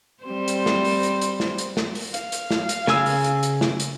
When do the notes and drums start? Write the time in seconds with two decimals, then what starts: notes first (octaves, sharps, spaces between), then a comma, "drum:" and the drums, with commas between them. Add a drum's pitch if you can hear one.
0.24 G3 C4 C5
0.48 drum: hi-hat
0.66 drum: snare
0.85 drum: open hi-hat
1.03 drum: hi-hat
1.21 drum: hi-hat
1.40 drum: snare
1.58 drum: hi-hat
1.77 drum: snare
1.95 drum: open hi-hat
2.14 F5, drum: hi-hat
2.32 drum: hi-hat
2.51 drum: snare
2.69 drum: hi-hat
2.87 C#3 G#5 E6, drum: snare
3.06 drum: open hi-hat
3.24 drum: hi-hat
3.43 drum: hi-hat
3.61 drum: snare
3.80 drum: hi-hat